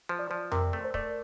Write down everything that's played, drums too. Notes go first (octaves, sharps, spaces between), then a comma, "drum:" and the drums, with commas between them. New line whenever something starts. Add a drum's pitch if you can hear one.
F3 C5
D5
F3 C5
C3 A#4, drum: tom F2
A3
C5
A3 D5, drum: kick